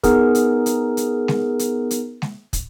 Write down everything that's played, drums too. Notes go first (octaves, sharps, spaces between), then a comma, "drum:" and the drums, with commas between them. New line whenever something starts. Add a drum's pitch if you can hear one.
B3 D#4 G#4 A#4, drum: kick, hi-hat
drum: hi-hat
drum: hi-hat
drum: hi-hat
drum: snare G#3
drum: hi-hat
drum: hi-hat
drum: snare G#3
drum: kick, hi-hat